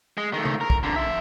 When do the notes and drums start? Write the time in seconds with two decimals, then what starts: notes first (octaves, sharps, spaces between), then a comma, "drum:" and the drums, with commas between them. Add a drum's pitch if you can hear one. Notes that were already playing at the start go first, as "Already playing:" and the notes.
0.18 G#3
0.33 D#3 A3
0.45 drum: tom
0.61 A#4
0.70 drum: kick
0.83 F2 D3
0.96 F3 E5